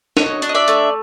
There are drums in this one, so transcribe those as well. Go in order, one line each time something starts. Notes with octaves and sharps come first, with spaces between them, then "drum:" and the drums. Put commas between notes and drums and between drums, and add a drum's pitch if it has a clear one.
F#4 C#5 D#5, drum: snare
D4, drum: hi-hat
D#5
D5 E5
A3, drum: hi-hat